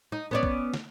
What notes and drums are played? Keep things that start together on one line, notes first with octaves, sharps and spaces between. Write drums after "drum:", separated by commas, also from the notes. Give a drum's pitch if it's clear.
D#4
B3 C#4 D5
drum: kick
drum: snare